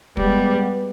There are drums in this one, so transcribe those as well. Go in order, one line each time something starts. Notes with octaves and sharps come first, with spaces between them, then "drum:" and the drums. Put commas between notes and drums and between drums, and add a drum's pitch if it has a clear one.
G3 G#3 B3, drum: kick